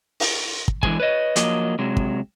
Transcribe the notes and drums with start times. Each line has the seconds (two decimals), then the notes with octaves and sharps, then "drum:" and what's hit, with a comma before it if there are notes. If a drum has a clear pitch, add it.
0.20 drum: open hi-hat
0.68 drum: kick
0.83 D3 E3 G#3 B3 G#4 G#5, drum: kick
1.00 B4 C#5 D#5
1.36 F3 F#3 A#3 D#5, drum: hi-hat
1.79 C3 F#3 G#3
1.97 drum: kick